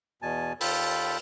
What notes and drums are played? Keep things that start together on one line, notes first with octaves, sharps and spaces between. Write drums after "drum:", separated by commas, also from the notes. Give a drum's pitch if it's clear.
E2 B2 G#5 A5
D#2 F4 A4 G5 B5, drum: open hi-hat